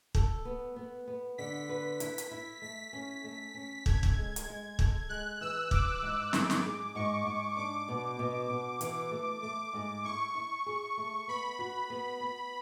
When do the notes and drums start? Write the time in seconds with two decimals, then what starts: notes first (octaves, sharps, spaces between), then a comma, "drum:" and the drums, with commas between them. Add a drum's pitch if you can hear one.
0.15 A4, drum: kick
0.45 B3
0.76 B3
1.08 B3
1.38 D3 B6
1.69 B4
2.00 E4, drum: hi-hat
2.18 drum: hi-hat
2.31 E4
2.62 A3 B6
2.93 C#4
3.24 A3
3.55 C#4
3.86 A4 G#6, drum: kick
4.03 drum: kick
4.17 G#3
4.36 drum: hi-hat
4.48 G#3
4.79 A4, drum: kick
5.09 G#3 F#6
5.41 E3 E6
5.71 E3 D6, drum: kick
6.02 G#2
6.33 G#2, drum: snare
6.50 drum: snare
6.64 G#4
6.95 G#2 C#6
7.26 G#2
7.57 D4 D6
7.88 B2
8.19 B2
8.50 B2
8.81 E3, drum: hi-hat
9.11 A3
9.42 A3 D6
9.73 G#2
10.04 E4 C#6
10.35 E4
10.66 G#4
10.97 A3
11.28 B3 B5
11.59 F#4
11.90 B3
12.21 B3